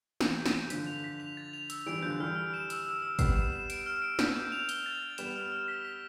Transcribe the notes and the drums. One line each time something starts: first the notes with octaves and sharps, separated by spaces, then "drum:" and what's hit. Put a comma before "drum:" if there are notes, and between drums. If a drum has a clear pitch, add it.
E3 G6, drum: snare
G6
E3, drum: snare
G6
D3 F3 B6, drum: hi-hat
F7
B6
F7
A6
F7
E6, drum: hi-hat
E3 G3 D7
D3 F3 G6
E3 G3 F6
F6
E7
E6, drum: hi-hat
E6
E6
G3 B3 C7, drum: kick, hi-hat
E7
E7
D7, drum: hi-hat
F6
D7
B3 D4 G6, drum: snare
G6
F7
G7, drum: hi-hat
A6
A6
G3 B3 E7, drum: hi-hat
F6
F6
B6
B6